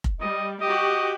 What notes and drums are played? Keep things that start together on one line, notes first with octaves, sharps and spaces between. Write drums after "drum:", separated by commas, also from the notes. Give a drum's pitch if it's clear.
drum: kick F1
G3 D#5
F#4 G4 D#5